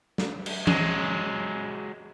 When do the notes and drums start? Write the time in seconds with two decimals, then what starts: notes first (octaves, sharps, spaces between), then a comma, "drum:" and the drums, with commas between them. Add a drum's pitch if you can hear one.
0.18 drum: snare
0.46 drum: cymbal
0.67 F#3 G#3, drum: tom E3